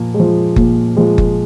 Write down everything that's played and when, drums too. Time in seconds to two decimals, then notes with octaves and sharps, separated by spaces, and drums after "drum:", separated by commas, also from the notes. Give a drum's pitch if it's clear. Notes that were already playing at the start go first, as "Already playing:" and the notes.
Already playing: A#2 F3 A#3
0.14 G#3
0.20 F3
0.56 A#2, drum: kick F#1
0.97 F3 G#3
1.18 drum: kick F#1